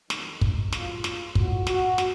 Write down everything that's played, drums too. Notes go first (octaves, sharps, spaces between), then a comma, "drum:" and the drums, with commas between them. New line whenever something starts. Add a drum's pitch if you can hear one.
F2 D#3 F#3 D#4, drum: snare
drum: kick
C#2 C#3 F#3 F4, drum: snare
drum: snare
A2 F#3 F#4, drum: kick
F#4, drum: snare
drum: snare